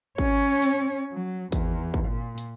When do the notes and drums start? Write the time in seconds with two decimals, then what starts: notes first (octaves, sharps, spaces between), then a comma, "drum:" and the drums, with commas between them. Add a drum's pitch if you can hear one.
0.18 C#4 C#5, drum: kick
0.62 drum: hi-hat
1.12 F#3
1.52 E2, drum: kick, hi-hat
1.94 drum: kick
2.08 A#2
2.38 drum: hi-hat